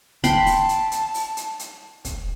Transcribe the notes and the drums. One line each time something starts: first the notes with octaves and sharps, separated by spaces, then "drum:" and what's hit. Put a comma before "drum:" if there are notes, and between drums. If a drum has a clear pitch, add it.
G5 A5 B5 C6, drum: kick, hi-hat
drum: open hi-hat
drum: hi-hat
drum: hi-hat
drum: open hi-hat
drum: hi-hat
drum: hi-hat
drum: kick, hi-hat